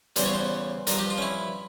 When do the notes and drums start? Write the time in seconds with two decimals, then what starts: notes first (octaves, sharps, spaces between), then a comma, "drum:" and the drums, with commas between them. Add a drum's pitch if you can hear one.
0.16 E2 C#3 E3 G3 C5, drum: hi-hat
0.25 C#5
0.34 C5
0.87 G2 F3 A#4, drum: hi-hat
0.99 G4
1.10 F4
1.18 C#4
1.22 E4